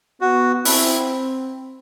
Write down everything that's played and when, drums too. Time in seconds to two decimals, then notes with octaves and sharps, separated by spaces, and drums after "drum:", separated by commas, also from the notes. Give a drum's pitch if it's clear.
0.21 B3 F#4
0.65 C4 E4, drum: open hi-hat